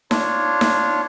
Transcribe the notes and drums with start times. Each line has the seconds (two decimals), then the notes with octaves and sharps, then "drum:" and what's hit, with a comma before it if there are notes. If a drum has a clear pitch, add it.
0.11 D4 F4 C#5, drum: snare D#4
0.61 drum: snare D#4